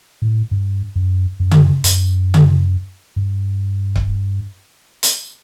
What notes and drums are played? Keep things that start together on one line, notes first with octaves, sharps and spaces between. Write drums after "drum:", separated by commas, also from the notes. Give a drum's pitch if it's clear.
A2
G2
F#2
F#2
drum: tom C#3
F#2, drum: hi-hat
drum: tom C#3
G2
drum: kick C#1
drum: hi-hat